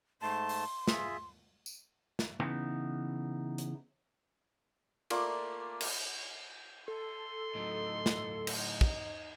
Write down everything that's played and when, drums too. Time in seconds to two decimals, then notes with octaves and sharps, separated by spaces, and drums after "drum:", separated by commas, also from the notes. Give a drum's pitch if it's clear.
0.22 G#2 A3 A5 C6
0.49 drum: open hi-hat
0.88 F4 G#4 E5, drum: snare
1.66 drum: tambourine
2.19 drum: snare
2.40 C#3 E3 B3 D#4
3.58 drum: hi-hat
5.10 A3 A#3 F4 D5, drum: cymbal
5.81 drum: cymbal
6.88 A4 C6
7.55 A2 F#3 D#4
8.06 drum: snare
8.47 D#4, drum: cymbal
8.81 drum: kick